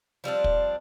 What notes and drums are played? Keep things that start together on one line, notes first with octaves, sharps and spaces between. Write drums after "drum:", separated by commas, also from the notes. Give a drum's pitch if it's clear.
F3 G3 C4 D4
drum: kick